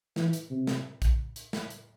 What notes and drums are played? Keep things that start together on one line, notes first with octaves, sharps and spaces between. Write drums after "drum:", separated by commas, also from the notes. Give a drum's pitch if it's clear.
E3, drum: snare
drum: hi-hat
C3
drum: snare
drum: kick, hi-hat
drum: hi-hat
drum: snare
drum: hi-hat